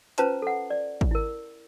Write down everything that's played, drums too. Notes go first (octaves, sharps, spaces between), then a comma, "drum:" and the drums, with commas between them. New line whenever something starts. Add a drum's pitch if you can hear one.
C#4 F4 B4 C5 A5 A#5, drum: hi-hat
A4 F#5
D5
drum: kick
E4 A#4